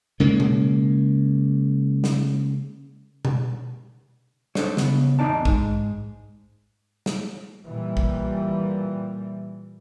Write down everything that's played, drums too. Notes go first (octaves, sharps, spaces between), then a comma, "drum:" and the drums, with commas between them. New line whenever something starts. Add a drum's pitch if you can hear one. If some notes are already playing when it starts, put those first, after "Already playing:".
C#3 G#3 A#3
drum: tom B2
drum: snare
drum: tom B2
D4 A4 C5 C#5, drum: snare
C#3 B3, drum: snare
E2 F#3 D#4 D5 A5
G#2 G#3, drum: kick
drum: snare
A#2 E3 G3
drum: kick